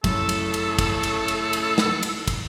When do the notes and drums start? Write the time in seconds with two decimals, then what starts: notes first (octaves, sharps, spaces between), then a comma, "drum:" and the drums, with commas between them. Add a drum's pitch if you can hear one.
0.04 F#2 A2 C#3 A3 A4, drum: kick, cymbal
0.29 drum: cymbal
0.54 drum: cymbal
0.79 drum: kick, cymbal
1.03 drum: cymbal
1.28 drum: cymbal
1.53 drum: cymbal
1.78 drum: snare
2.03 drum: cymbal
2.28 drum: kick, cymbal